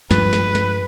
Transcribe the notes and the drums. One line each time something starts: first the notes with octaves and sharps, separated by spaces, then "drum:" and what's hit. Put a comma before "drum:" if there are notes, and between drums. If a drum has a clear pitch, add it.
G2 F3 B4, drum: snare
drum: snare
drum: snare